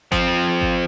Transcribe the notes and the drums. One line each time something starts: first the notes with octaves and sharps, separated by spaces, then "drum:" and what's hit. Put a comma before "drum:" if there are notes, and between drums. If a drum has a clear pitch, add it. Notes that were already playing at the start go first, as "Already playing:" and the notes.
F3 C4, drum: kick G#1, hi-hat
drum: kick G#1